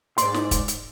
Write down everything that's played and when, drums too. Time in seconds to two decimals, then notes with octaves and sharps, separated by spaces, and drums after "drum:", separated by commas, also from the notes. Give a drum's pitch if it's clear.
0.18 G#2 D5 C6, drum: hi-hat
0.34 drum: snare
0.51 drum: kick, hi-hat
0.68 drum: hi-hat